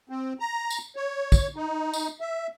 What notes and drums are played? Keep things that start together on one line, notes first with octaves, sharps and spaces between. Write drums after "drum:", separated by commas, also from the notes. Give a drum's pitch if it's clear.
C4
A#5
drum: tambourine
C#5
drum: kick, tambourine
D#4
drum: tambourine
E5